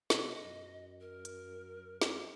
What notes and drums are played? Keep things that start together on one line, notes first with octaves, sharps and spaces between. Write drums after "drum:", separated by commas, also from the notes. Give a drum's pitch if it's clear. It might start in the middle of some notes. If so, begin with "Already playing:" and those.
B2 D#5, drum: snare
F#2
A#4
drum: hi-hat
drum: snare